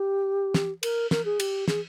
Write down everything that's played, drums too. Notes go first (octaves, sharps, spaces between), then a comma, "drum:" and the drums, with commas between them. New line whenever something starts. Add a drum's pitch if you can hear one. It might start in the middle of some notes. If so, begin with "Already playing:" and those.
Already playing: G4
drum: snare
A#4, drum: cymbal
A#4, drum: snare
G#4
G4, drum: cymbal
G#4, drum: snare